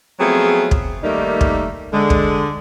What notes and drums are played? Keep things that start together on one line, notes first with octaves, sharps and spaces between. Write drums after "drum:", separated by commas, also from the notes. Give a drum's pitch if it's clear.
F3 F#3 A3 B3 C4 G#4
drum: kick
D#3 G3 A3 A#3 D#4
drum: kick
D3 G#3
drum: kick